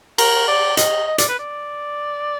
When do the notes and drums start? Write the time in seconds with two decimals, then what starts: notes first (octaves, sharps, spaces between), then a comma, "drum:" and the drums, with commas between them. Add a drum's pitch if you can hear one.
0.18 A#4, drum: cymbal
0.48 D5
0.77 D#5, drum: hi-hat
1.07 D#5
1.18 D5, drum: hi-hat
1.29 B4
1.39 D5